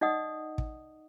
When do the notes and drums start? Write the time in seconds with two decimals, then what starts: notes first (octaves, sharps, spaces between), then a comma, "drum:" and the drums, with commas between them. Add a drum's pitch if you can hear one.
0.01 D#4 D5 D#5 F#5 D#6
0.58 drum: kick